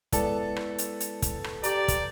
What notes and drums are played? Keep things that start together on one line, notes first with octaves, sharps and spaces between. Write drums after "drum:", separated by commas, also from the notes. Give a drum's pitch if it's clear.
G#3 B3 E4 A4 D5 A5, drum: kick, hi-hat
drum: rim click
drum: hi-hat
drum: hi-hat
drum: kick, hi-hat
drum: rim click
G4 D5 A#5, drum: hi-hat
drum: kick, hi-hat